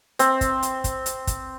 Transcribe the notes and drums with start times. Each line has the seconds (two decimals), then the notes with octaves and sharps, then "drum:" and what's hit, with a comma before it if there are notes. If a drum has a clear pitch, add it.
0.19 C4, drum: hi-hat
0.41 drum: kick, hi-hat
0.63 drum: hi-hat
0.84 drum: kick, hi-hat
1.06 drum: hi-hat
1.27 drum: kick, hi-hat